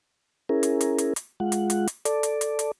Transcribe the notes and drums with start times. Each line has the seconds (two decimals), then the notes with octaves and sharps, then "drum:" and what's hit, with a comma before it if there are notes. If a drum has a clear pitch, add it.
0.49 C#4 E4 G#4 A#4
0.63 drum: hi-hat
0.81 drum: hi-hat
0.98 drum: hi-hat
1.16 drum: hi-hat
1.40 G#3 F4 F#5
1.52 drum: hi-hat
1.70 drum: hi-hat
1.88 drum: hi-hat
2.05 A4 D5, drum: hi-hat
2.23 drum: hi-hat
2.41 drum: hi-hat
2.59 drum: hi-hat